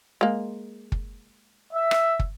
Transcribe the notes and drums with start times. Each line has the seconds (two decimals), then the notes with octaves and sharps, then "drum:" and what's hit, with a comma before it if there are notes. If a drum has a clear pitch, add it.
0.21 G#3 A#3
0.92 drum: kick
1.73 E5
1.91 drum: rim click
2.19 drum: kick